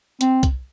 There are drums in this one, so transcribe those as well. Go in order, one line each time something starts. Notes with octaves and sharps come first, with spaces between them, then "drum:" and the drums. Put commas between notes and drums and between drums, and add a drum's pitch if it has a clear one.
C4, drum: hi-hat
drum: kick C2, hi-hat